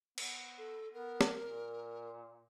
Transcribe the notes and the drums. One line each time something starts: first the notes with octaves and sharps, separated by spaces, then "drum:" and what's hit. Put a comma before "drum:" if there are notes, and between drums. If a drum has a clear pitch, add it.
B3, drum: cymbal
A4
B3 A#4
drum: snare
A#2